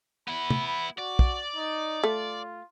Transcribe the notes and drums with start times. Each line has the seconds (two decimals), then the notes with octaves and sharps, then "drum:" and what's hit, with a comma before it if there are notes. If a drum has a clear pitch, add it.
0.28 B3 E4 B5
0.50 drum: tom
0.66 B5
0.98 F#4 D5
1.19 drum: kick
1.56 D#4
2.03 A3 F4